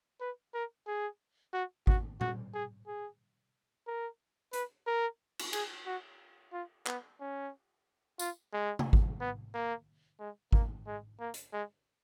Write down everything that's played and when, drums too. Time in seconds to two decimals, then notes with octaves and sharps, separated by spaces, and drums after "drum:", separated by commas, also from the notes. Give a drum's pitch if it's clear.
0.21 B4
0.54 A#4
0.87 G#4
1.54 F#4
1.87 F#4, drum: kick G#1
2.21 F#4, drum: tom A#2
2.54 G#4
2.88 G#4
3.87 A#4
4.53 B4, drum: hi-hat
4.87 A#4
5.39 drum: cymbal
5.53 G#4, drum: cymbal
5.86 F#4
6.53 F4
6.87 B3, drum: clap
7.20 C#4
8.19 F4, drum: tambourine
8.53 G#3
8.79 drum: tom C3
8.93 drum: kick G#1
9.20 B3
9.54 A#3
10.19 G#3
10.53 A#3, drum: kick G#1
10.87 G#3
11.20 A#3
11.34 drum: hi-hat
11.53 G#3